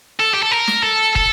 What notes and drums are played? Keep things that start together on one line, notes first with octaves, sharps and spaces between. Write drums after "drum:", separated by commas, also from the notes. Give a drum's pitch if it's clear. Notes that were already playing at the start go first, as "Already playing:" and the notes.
A4
G4
A4
A#4
drum: snare
A4
A4, drum: kick